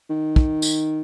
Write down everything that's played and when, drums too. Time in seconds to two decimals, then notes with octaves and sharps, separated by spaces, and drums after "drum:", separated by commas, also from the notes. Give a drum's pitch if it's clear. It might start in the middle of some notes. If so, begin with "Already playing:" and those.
0.10 D#3
0.36 drum: kick
0.62 drum: tambourine